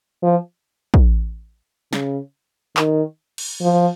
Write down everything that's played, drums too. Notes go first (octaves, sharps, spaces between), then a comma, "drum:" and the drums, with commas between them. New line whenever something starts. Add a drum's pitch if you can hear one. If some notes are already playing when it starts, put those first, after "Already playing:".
F3
drum: kick
C#3, drum: snare
D#3, drum: clap
drum: cymbal
F3